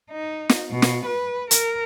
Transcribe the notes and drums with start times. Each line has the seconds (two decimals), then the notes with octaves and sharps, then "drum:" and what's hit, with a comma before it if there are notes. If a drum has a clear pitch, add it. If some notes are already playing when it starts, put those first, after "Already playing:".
0.11 D#4
0.49 drum: snare
0.71 B2
0.82 drum: snare
1.06 B4
1.51 A#4, drum: hi-hat